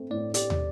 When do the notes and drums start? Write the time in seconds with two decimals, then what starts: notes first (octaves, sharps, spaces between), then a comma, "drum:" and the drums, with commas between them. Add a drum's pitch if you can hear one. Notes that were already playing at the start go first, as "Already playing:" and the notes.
Already playing: A3 C4
0.10 A2 D5
0.34 G4 D5, drum: hi-hat
0.50 drum: tom